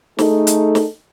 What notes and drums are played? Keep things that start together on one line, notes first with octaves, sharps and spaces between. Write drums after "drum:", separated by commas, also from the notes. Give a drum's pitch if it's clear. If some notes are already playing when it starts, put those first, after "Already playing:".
A3 D#4 G#4 A4, drum: snare
drum: hi-hat
drum: snare